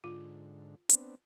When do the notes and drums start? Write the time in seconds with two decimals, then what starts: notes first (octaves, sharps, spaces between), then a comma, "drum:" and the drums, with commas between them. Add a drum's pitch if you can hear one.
0.04 G#2 D3 F4
0.89 B3 C4 D4, drum: hi-hat